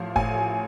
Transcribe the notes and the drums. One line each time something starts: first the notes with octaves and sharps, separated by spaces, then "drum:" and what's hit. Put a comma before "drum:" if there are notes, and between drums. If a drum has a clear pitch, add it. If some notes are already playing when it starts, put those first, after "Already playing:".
Already playing: A1 F3 F5
A1 G#5, drum: kick F#1